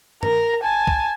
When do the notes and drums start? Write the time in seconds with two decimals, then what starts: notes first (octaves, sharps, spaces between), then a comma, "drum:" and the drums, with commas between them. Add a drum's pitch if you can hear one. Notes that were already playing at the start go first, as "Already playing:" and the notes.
0.23 A#4 A#5, drum: tom G2
0.62 G#5 A5
0.87 drum: kick C2